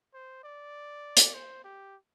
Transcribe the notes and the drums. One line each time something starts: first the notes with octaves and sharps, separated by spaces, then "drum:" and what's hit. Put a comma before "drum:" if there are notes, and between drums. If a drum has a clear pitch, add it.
C5
D5
drum: hi-hat
C5
G4